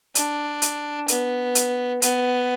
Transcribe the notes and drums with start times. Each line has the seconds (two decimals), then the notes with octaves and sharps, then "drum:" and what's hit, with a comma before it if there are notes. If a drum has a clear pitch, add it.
0.15 D4, drum: hi-hat
0.62 drum: hi-hat
1.08 B3, drum: hi-hat
1.55 drum: hi-hat
2.02 B3, drum: hi-hat